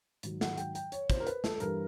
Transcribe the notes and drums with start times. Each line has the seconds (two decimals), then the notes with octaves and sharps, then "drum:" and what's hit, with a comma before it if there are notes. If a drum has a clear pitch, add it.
0.23 G#2 D#3 F#3, drum: hi-hat
0.41 F#5, drum: snare
0.58 G5, drum: hi-hat
0.75 G5, drum: hi-hat
0.92 C#5, drum: hi-hat
1.10 C5, drum: kick, hi-hat
1.20 A#4
1.27 B4, drum: hi-hat
1.44 A4, drum: snare
1.60 G2 E3 G3 A#4, drum: hi-hat